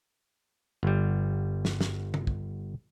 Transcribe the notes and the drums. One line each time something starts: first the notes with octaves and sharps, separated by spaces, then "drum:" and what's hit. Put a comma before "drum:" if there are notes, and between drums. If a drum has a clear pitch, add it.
G1 G3
drum: snare
drum: snare
drum: tom C#3
drum: kick